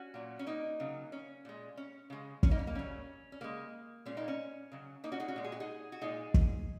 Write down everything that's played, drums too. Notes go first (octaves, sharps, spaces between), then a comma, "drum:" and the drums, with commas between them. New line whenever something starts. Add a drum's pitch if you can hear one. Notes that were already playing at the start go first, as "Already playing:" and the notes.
Already playing: C#4 F#4
A#2 F#3
C#4
A#3 D#4
C#3 F#3
C#4
A#2 G#3
C#4
C#3 G#3
C#4, drum: kick
A#3 D#4
C#4
A#3
C#3 F#3 C#4
C#4
C#3 G#3 A#3
A#2 G#3 C#4
A#3 D#4
C#4
C#3 F#3
A#3 D#4
C#4 F#4
D#4 G#4
C#4 F#4
A#2 G#3
G#4
F#4
D#4 G#4
F#4
A#2 G#3 D#4 G#4
drum: kick